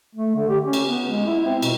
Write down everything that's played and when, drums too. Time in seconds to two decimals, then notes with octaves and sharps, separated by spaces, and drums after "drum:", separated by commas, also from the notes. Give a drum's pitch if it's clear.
0.15 A3
0.36 D3
0.49 G4
0.64 C#4
0.73 drum: cymbal
0.87 B3
1.09 G#3
1.25 E4
1.46 C4
1.62 B2, drum: cymbal